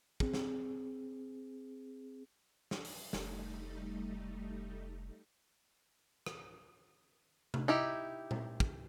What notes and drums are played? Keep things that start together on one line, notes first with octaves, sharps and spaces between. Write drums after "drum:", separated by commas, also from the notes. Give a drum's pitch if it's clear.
C4 G#4, drum: kick
drum: snare
drum: snare
drum: open hi-hat
F1 G3 A3 D#4, drum: snare
drum: rim click
drum: tom C3
D#4 E4 G4
drum: tom A#2
drum: kick